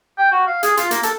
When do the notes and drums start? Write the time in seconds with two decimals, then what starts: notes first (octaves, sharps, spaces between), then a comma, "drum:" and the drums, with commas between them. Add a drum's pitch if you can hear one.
0.18 G5
0.32 F#4
0.47 F5
0.63 G#4, drum: hi-hat
0.77 F4, drum: hi-hat
0.91 A#3, drum: hi-hat
1.03 A4, drum: hi-hat